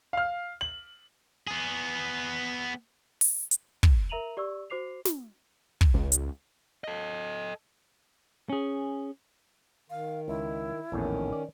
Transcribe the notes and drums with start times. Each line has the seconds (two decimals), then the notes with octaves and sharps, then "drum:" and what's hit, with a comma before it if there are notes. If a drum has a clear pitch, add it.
0.13 F5 F6
0.61 F#7
1.47 B3 G#4
3.21 drum: open hi-hat
3.51 drum: hi-hat
3.83 drum: kick
4.09 A#4 E5 A#5 D#7 F7 F#7
4.37 G4 D5 C#6 E6
4.70 F#4 C5 D6 C7 F7
5.05 drum: snare
5.81 drum: kick
5.94 C#2
6.12 drum: hi-hat
6.84 A4 D#5
8.50 C#4 G#4
9.90 D#3 F5
10.28 C#2 E4
10.92 A#1 E2 A2 D#3 C#4
11.33 D5